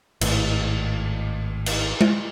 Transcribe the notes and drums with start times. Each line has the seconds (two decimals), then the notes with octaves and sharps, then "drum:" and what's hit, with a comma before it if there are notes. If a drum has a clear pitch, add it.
0.21 G#1 A2, drum: cymbal
1.66 drum: cymbal
2.01 drum: tom G#3